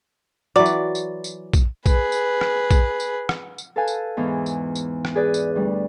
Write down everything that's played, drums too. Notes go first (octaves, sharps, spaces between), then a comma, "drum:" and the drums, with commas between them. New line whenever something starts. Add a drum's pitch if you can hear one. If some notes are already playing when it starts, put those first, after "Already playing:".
E3 F#3 D5
drum: tambourine
drum: tambourine
drum: tambourine
drum: kick A#1, tambourine
G#4 B4, drum: kick A#1, tambourine
drum: tambourine
drum: rim click
drum: kick A#1, tambourine
drum: tambourine
drum: rim click
drum: tambourine
A4 B4 F5 G#5 A5
drum: tambourine
E2 G#2 E3
drum: tambourine
drum: tambourine
drum: rim click
G#4 B4 D5
drum: tambourine
D2 G3